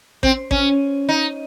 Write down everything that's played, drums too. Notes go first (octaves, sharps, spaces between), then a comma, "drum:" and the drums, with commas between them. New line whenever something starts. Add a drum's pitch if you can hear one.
C4, drum: kick A1
C#4, drum: kick A1
D#4